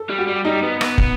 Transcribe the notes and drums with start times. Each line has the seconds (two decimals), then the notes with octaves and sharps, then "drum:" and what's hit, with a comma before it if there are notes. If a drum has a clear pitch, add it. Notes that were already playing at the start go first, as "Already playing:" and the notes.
Already playing: A4
0.10 G3
0.18 F#4
0.27 G3
0.45 G3 D#4
0.63 B3
0.81 B3, drum: rim click
0.98 drum: kick